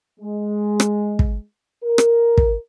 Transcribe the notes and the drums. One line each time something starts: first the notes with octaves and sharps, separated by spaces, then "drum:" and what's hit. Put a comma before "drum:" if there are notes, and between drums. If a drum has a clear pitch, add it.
G#3
drum: rim click
drum: kick
A#4
drum: rim click
drum: kick